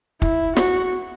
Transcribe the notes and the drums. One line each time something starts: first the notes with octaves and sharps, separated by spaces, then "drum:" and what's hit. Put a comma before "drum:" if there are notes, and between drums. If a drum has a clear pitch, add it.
E4, drum: kick
F#4, drum: snare